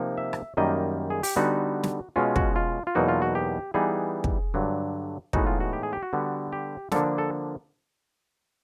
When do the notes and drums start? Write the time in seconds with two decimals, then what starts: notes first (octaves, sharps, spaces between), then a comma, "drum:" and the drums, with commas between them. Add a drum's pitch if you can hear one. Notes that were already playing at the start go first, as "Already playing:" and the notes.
Already playing: C3 F3 A#3 D#4
0.18 E5
0.33 drum: rim click
0.57 F#2 D#3 G3 A#3 D#5
1.10 G#4
1.23 G4, drum: open hi-hat
1.36 D3 G3 B3 D#4 F#4
1.83 drum: snare
2.16 B2 G#3 C#4 F4
2.36 F#4, drum: kick
2.56 F4
2.87 F4
2.95 E2 B2 F#3 A#3 D#4 F#4
3.09 F4
3.22 F#4
3.35 G4
3.74 E3 G3 B3 D#4 G#4
4.24 drum: kick
4.54 G2 D3 F#3
5.33 A2 E3 G#3 B3 D#4 F#4, drum: kick
5.47 F4
5.60 F#4
5.73 G4
5.83 G#4
5.93 G4
6.03 F#4
6.13 D3 G3 B3
6.53 G4
6.92 D3 F3 A#3 D4 A4, drum: snare
7.18 A4